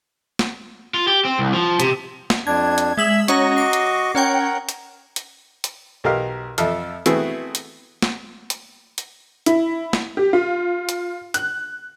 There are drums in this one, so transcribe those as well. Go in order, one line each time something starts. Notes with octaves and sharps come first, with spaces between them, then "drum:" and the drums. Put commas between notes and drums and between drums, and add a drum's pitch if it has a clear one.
drum: snare
F4
G4
C4
C2
F3
C3, drum: hi-hat
drum: snare
F2 D4 G#6
drum: hi-hat
G#3 E5 E6 F#7
C#4 F#4 C#5 D#5 A#5 C#6, drum: hi-hat
D6 C7
drum: hi-hat
C#4 A#4 C#5 F#5 G5
drum: hi-hat
drum: hi-hat
drum: hi-hat
B1 G4 A#4 D#5 F5
F2 F3 A4 E5 F5 E6, drum: hi-hat
A3 B3 C4 E4 F#4 G#4, drum: hi-hat
drum: hi-hat
drum: snare
drum: hi-hat
drum: hi-hat
E4, drum: hi-hat
drum: snare
G4
F4
drum: hi-hat
F#6, drum: hi-hat